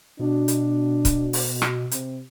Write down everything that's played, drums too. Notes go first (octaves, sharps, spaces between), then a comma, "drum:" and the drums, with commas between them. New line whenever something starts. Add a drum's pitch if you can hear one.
B2 D4
drum: hi-hat
drum: kick, hi-hat
drum: open hi-hat
drum: rim click
C3, drum: hi-hat